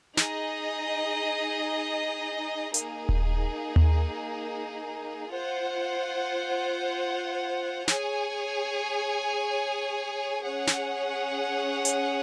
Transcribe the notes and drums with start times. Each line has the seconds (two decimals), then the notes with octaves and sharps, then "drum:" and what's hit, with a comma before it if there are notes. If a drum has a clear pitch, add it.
0.17 D#4 G#4 D#5, drum: snare
2.74 A#3 D#4 G#4, drum: hi-hat
3.09 drum: kick D#1
3.76 drum: tom D#2
5.30 F4 C5 F#5
7.88 G#4 C#5 G#5, drum: snare
10.45 C#4 G#4 C#5 F#5
10.67 drum: snare
11.85 drum: hi-hat